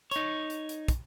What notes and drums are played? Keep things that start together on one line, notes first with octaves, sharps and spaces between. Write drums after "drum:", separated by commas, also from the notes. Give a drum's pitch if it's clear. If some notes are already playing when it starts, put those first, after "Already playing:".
D#4 C#5, drum: hi-hat
drum: hi-hat
drum: hi-hat
drum: kick, hi-hat